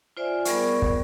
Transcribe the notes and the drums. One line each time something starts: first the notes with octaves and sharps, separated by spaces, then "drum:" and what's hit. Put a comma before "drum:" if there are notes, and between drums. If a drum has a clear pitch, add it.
F4 C5 D5 E5 G#5
G3 B3 G#4 A#4 D5 C#6, drum: hi-hat
drum: kick